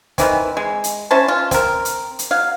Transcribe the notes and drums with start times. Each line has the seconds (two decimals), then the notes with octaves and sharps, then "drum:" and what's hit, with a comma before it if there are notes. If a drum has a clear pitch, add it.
0.18 D#3 E3 C4, drum: kick, hi-hat
0.57 G#3
0.84 drum: hi-hat
1.11 C#4 E4 C5 A5
1.28 F4
1.51 C4 A#4, drum: kick, hi-hat
1.85 drum: hi-hat
2.19 drum: hi-hat
2.31 F#3 F5